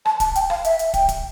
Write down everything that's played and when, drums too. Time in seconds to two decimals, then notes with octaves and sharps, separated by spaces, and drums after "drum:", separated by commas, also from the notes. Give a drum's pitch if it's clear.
0.05 A5, drum: rim click
0.20 A5, drum: kick, hi-hat
0.35 G5, drum: hi-hat
0.50 F5, drum: rim click
0.64 E5, drum: hi-hat
0.79 drum: hi-hat
0.94 G5, drum: kick, hi-hat
1.09 drum: kick, hi-hat